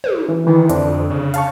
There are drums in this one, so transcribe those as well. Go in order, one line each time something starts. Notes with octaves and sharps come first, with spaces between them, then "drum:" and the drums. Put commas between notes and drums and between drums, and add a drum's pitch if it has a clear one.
drum: tom
E3
D#3 E3
F2 D3 C4 D4, drum: hi-hat
C#3
F5 A5 C#6, drum: hi-hat